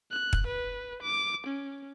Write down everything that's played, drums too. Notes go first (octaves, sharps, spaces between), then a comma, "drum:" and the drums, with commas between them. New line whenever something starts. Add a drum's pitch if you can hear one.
F#6
drum: kick
B4
D6
C#4